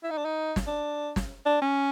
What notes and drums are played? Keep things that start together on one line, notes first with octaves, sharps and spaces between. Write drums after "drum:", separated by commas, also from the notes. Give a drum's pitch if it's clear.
E4
D#4
D4
D#4
drum: snare
D4
drum: snare
D4
C#4